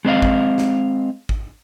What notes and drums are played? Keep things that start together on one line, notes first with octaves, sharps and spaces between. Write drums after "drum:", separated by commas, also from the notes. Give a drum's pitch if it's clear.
G#3 C4 D#5 F5
drum: kick
drum: snare
drum: kick